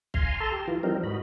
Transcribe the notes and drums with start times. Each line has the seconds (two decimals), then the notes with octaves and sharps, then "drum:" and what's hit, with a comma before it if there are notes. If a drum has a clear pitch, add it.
0.14 F5 G#5 A#5 C6, drum: kick
0.40 A4 A5 A#5 C6
0.52 G4
0.68 E3 F4
0.83 E3 F3 G3 C4 D#4 A#4
1.03 G#2 F#4 D#5 B5